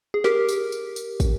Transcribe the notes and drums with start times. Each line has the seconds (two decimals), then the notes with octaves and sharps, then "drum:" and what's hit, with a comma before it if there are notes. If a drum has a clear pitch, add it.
0.14 G#4
0.24 G4 A#4, drum: snare
0.49 drum: tambourine
0.72 drum: tambourine
0.96 drum: tambourine
1.20 drum: kick, tambourine